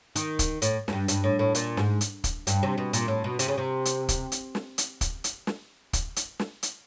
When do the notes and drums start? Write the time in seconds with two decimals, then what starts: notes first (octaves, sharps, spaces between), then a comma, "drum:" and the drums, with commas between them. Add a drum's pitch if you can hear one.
0.16 D#3, drum: hi-hat
0.39 drum: kick, hi-hat
0.62 A2, drum: hi-hat
0.88 F#2, drum: snare
0.93 G2
1.08 G2, drum: hi-hat
1.24 A2
1.39 A2
1.55 A#2, drum: hi-hat
1.77 G#2, drum: snare
2.01 drum: hi-hat
2.24 drum: kick, hi-hat
2.47 G2, drum: hi-hat
2.63 C3
2.78 B2
2.93 A#2, drum: hi-hat
3.08 A2
3.24 B2
3.39 C3, drum: hi-hat
3.48 C#3
3.58 C3
3.85 drum: hi-hat
4.09 drum: kick, hi-hat
4.32 drum: hi-hat
4.55 drum: snare
4.78 drum: hi-hat
5.01 drum: kick, hi-hat
5.24 drum: hi-hat
5.47 drum: snare
5.93 drum: kick, hi-hat
6.16 drum: hi-hat
6.39 drum: snare
6.63 drum: hi-hat